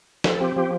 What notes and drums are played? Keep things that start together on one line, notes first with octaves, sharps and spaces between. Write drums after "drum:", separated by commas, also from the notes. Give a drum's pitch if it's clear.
F3 A4, drum: snare
C4 G4
F3 G4